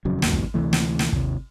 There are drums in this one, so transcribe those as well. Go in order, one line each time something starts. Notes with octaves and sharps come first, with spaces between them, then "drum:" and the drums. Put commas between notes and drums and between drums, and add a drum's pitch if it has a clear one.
D#1 F2 C#3 F#3
F#1 E2 G#2 B2, drum: snare
drum: kick
D2 C3 E3 A3
drum: snare
drum: snare
D#2 C3, drum: kick